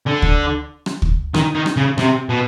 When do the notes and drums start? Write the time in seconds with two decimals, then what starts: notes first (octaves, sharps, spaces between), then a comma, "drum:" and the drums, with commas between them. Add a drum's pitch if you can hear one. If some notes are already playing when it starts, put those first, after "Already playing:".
0.06 D3
0.22 drum: kick
0.86 drum: rim click
1.02 drum: kick
1.34 D#3, drum: rim click
1.55 D#3
1.66 drum: rim click
1.77 C#3
1.98 C3, drum: rim click
2.29 B2